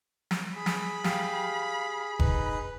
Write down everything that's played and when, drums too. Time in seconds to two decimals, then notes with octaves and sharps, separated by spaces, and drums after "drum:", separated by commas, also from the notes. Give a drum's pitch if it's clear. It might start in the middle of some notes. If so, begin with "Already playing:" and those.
0.31 drum: snare
0.55 G#4 B5
0.66 drum: snare
1.04 G4 F5, drum: snare
2.20 D#4 B4, drum: kick F1